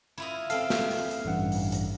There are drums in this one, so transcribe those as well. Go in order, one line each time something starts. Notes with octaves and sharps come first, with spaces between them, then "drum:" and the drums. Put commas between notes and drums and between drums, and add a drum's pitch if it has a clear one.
E4 F4 D#5
C4 A4 F5, drum: hi-hat
drum: snare
drum: open hi-hat
drum: hi-hat
A1 G2 F#5
drum: open hi-hat
drum: hi-hat